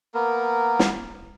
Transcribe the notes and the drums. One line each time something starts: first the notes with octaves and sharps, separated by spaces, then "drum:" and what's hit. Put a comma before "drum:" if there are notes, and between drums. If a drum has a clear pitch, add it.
A#3 B3 A#4
drum: snare